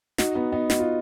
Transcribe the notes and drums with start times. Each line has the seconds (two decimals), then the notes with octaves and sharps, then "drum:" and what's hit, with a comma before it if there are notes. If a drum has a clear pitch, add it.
0.18 D#4 F#4, drum: snare
0.35 B3 D#4
0.52 B3 D#4
0.70 D#4 F#4, drum: snare
0.80 F4